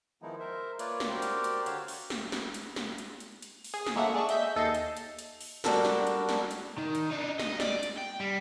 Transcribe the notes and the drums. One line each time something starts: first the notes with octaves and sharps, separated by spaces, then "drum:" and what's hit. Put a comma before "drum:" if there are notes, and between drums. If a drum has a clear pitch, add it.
D#3 F3 G#3 B3 D#4 E4
A#4 C5 E5
A#3 F4 B4 C#5 D5, drum: hi-hat
drum: snare
F#4 G4 A#4 C5 D5 G5
drum: hi-hat
drum: hi-hat
D3 F#4 G4 C#5 F5 E6, drum: hi-hat
drum: open hi-hat
drum: snare
drum: snare
drum: hi-hat
drum: snare
drum: hi-hat
drum: hi-hat
drum: hi-hat
drum: open hi-hat
G#4
drum: snare
G#3 A#3 A4 C#5 E5 F#5
G#4 D5 A5 C#6
D#5 E5 G6 B6, drum: hi-hat
D#2 A4 D#5 G6 A6 C7
drum: hi-hat
drum: hi-hat
drum: hi-hat
drum: open hi-hat
G3 D4 F#4 A4 A#4, drum: snare
drum: snare
drum: hi-hat
drum: snare
drum: hi-hat
D#3
drum: hi-hat
D4 D#4
D#5, drum: snare
D5, drum: snare
drum: hi-hat
G5
G3